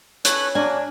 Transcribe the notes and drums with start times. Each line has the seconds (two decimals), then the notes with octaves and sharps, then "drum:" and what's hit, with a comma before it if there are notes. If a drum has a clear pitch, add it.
0.25 C#4 A4 B4 C#5 F#6, drum: hi-hat
0.55 F#3 A#3 D4 A#4 G#5